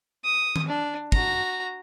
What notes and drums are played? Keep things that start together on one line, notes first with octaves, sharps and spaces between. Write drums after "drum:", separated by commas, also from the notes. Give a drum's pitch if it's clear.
D#6
drum: tom D#3
D4
F#4 A#5, drum: kick